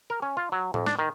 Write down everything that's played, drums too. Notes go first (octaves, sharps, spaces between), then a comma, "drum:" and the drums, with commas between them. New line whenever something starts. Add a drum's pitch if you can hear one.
A#4
C#4
F4
F#3
F2, drum: tom A2
D4, drum: snare
D#3